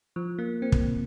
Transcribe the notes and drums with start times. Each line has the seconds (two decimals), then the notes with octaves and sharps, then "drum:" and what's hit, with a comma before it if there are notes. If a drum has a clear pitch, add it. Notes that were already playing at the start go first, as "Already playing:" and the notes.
0.16 F3
0.39 A#3
0.62 C4
0.72 drum: kick